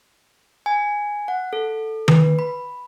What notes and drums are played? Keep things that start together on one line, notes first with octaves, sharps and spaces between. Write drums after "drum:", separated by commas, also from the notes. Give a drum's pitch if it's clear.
G#5
F#5
A4
B4, drum: tom D#3
B5